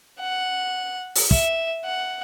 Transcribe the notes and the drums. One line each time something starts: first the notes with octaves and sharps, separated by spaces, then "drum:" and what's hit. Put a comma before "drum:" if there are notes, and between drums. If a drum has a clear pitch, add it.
F#5
drum: open hi-hat
E5, drum: kick
F#5